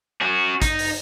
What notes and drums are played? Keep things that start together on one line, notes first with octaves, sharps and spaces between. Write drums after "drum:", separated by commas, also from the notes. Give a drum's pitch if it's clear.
C#4 F#4
D#4, drum: kick, hi-hat
drum: open hi-hat